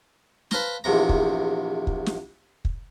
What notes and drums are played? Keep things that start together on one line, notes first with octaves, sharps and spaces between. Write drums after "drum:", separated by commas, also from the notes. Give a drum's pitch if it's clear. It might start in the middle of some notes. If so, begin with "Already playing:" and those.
B4 C5 F5 A5 A#5 C6, drum: snare
A#1 E2 C3 A#5
drum: kick
drum: kick
drum: snare
drum: kick